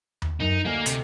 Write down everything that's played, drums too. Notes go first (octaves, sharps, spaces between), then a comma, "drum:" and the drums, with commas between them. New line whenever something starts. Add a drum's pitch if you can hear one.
drum: tom D#2
F#2 D#4
D2 A#3 D#5 G#5
C3, drum: hi-hat